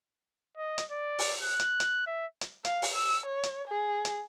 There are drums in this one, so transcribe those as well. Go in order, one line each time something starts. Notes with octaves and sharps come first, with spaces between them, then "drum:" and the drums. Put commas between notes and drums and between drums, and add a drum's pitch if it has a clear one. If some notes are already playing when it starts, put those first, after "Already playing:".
D#5
drum: hi-hat
D5
drum: open hi-hat
F#6
drum: hi-hat
drum: hi-hat
E5
drum: hi-hat
F5, drum: hi-hat
drum: open hi-hat
E6
C#5
drum: hi-hat
G#4
drum: hi-hat